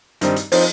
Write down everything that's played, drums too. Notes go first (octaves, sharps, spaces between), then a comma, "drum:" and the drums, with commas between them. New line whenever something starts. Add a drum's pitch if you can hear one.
G2 D#3 G3 C4 D#4, drum: hi-hat
drum: hi-hat
F3 C4 D#4, drum: open hi-hat